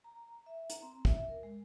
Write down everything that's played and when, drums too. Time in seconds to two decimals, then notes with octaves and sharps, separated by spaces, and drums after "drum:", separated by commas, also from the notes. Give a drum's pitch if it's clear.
0.04 A#5
0.46 E5
0.70 A#5, drum: hi-hat
0.82 C4
1.05 E5, drum: kick
1.28 A#4
1.43 G#3